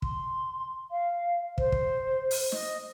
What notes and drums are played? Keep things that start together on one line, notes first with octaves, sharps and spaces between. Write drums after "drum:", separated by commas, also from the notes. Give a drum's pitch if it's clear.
C6, drum: kick
F5
C5, drum: kick
drum: kick
drum: open hi-hat
D#5, drum: snare